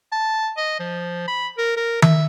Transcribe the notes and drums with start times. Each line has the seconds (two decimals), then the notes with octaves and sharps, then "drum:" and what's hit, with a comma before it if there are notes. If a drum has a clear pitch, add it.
0.12 A5
0.57 D#5
0.79 F3
1.28 B5
1.58 A#4
1.76 A#4
2.02 E5, drum: tom D#3